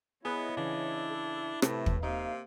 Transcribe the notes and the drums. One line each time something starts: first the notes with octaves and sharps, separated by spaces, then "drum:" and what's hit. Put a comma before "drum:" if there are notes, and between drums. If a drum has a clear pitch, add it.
B3 E4 G#4 B4 C#5 D#5
C#3 E3 D4
A4
A2 C3 A3 B4 E5, drum: rim click
drum: kick
C3 A#3 D#4 F5